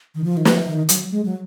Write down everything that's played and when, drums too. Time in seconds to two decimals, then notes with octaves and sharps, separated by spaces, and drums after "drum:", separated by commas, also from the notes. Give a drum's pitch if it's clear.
0.15 D#3
0.24 F3
0.37 D#3
0.45 F3, drum: snare
0.68 D#3
0.89 F#3, drum: hi-hat
1.11 G#3
1.25 F#3